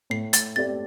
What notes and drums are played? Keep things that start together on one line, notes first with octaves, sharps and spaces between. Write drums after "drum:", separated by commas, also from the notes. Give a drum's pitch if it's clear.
A2 C7
A6, drum: hi-hat
A3 C4 G4 D5 A6